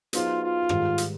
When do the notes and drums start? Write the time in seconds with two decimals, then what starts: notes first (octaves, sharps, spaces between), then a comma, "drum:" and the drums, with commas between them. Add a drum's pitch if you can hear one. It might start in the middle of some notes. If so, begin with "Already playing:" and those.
0.13 F#3 B3 D#4 F4 G#4 C5, drum: hi-hat
0.41 F4
0.69 G#2 D#3 G3, drum: rim click
0.98 drum: hi-hat